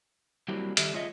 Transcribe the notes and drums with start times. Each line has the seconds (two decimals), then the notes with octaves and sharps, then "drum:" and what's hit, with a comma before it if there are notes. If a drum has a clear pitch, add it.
0.48 F#3 G3 A#3 C4 E4 G4
0.77 D#3 G3 G4 A4 D5 E5, drum: hi-hat
0.94 G#3 F4 G#4 C#5 D#5 E5